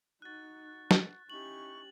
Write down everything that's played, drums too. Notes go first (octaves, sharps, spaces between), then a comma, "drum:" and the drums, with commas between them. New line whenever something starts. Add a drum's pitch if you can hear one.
D#4 F#4 F#6 A6
drum: snare
C#4 D#4 E4 G4 C#6 F#7